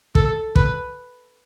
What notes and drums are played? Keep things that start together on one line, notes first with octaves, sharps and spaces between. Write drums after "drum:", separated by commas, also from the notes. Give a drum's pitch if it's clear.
A4, drum: kick
B4, drum: kick